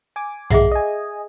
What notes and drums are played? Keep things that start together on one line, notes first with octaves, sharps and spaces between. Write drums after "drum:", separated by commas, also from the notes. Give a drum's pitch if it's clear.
G#5 D6
G#1 G#3 G#4 E5 F#5, drum: tom B1
D#5 G#5